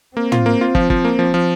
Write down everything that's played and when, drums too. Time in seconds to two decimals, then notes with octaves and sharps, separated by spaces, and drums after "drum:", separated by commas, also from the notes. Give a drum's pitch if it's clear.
0.17 A#3 C4
0.32 F4, drum: tom
0.46 A#3
0.61 F4
0.75 F3, drum: kick
0.90 F3, drum: kick
1.05 A#3
1.19 F3
1.34 F3